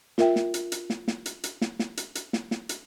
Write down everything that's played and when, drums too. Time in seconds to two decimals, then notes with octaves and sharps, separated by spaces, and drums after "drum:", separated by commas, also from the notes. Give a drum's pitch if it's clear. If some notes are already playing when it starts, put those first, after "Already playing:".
0.18 F4 A#4 E5 G5, drum: snare
0.36 drum: snare
0.54 drum: hi-hat
0.72 drum: hi-hat
0.90 drum: snare
1.08 drum: snare
1.26 drum: hi-hat
1.44 drum: hi-hat
1.61 drum: snare
1.79 drum: snare
1.97 drum: hi-hat
2.15 drum: hi-hat
2.33 drum: snare
2.51 drum: snare
2.69 drum: hi-hat